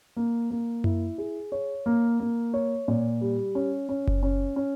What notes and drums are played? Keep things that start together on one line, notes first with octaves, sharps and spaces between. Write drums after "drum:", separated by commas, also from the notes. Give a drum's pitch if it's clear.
A#3
A#3
E4, drum: tom F#2
G#4
C#5
A#3
A#3
C#5
A#2
G3
C#4
C#4
drum: kick F#1
C#4
C#4